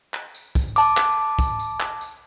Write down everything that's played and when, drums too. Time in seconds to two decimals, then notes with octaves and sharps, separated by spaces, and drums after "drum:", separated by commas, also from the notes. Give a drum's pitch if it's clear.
0.14 drum: clap
0.35 drum: tambourine
0.55 drum: kick, tambourine
0.76 A5 D6, drum: tambourine
0.97 drum: clap
1.39 drum: kick, tambourine
1.59 drum: tambourine
1.80 drum: clap
2.01 drum: tambourine